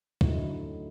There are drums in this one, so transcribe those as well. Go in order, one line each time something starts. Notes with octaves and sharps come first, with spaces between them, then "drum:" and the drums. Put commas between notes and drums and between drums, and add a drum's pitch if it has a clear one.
D3 F#3 A3 D#4 E4, drum: kick